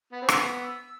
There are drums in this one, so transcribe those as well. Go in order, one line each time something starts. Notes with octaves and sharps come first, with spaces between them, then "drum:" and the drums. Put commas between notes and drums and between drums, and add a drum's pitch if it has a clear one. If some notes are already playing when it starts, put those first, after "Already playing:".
B3
C4
B3 E6, drum: rim click
D6
E6